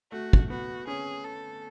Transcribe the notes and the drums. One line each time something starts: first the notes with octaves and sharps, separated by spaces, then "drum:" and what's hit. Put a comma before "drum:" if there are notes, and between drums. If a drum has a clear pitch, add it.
A3 F#4
drum: kick
B3 F#4
C#4 G#4
A4